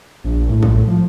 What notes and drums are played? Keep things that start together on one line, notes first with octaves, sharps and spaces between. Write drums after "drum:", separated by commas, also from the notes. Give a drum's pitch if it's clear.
A#1
A2
drum: kick
F3